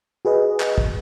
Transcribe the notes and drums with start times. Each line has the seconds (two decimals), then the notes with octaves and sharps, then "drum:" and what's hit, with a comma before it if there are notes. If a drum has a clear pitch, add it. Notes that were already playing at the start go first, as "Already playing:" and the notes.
0.25 F#4 G#4 B4 D#5
0.60 drum: clap
0.78 drum: kick